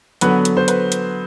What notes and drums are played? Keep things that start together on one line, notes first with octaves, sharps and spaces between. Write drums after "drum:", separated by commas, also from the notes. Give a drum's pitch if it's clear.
D3 F#3 B3 B4, drum: hi-hat
drum: hi-hat
C5
B4, drum: hi-hat
drum: hi-hat